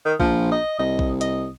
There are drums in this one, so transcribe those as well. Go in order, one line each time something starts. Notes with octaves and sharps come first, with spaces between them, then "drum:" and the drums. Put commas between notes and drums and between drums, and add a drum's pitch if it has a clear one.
D#3
A#1 F3, drum: kick A#1
D#5
C2 D#5
drum: kick A#1
D#5, drum: hi-hat